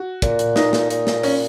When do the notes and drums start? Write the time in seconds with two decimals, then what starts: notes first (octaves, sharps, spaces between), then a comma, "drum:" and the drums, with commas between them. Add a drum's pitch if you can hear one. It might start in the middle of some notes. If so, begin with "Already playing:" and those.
Already playing: F#4
0.22 A#2, drum: kick, hi-hat
0.39 drum: hi-hat
0.56 D#4, drum: snare
0.73 drum: snare
0.90 A#2, drum: hi-hat
1.07 drum: snare
1.23 C#4, drum: open hi-hat